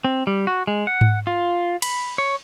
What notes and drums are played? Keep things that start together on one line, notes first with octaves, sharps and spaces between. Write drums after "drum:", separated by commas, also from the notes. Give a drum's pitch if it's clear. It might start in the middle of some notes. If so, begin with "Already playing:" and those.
C4
G3
F#4
G#3
F#5
drum: tom G#2
F4
B5, drum: cymbal
C#5